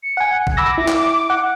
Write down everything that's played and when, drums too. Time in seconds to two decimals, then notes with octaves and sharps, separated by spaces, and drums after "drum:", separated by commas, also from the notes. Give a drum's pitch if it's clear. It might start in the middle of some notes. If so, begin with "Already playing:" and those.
0.03 C#7
0.17 F#5 G#5
0.47 drum: kick A1
0.57 B5 D6 E6 A#6
0.78 E4
0.88 drum: clap
1.30 F#5